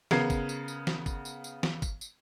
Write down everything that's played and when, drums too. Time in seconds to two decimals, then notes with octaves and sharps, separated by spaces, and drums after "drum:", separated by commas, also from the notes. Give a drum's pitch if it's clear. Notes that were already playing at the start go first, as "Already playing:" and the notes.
0.11 C#3 B3 A#4 G#6 C7, drum: snare
0.30 drum: kick, tambourine
0.49 drum: tambourine
0.68 drum: tambourine
0.87 drum: snare
1.06 drum: kick, tambourine
1.25 drum: tambourine
1.44 drum: tambourine
1.63 drum: snare
1.82 drum: kick, tambourine
2.01 drum: tambourine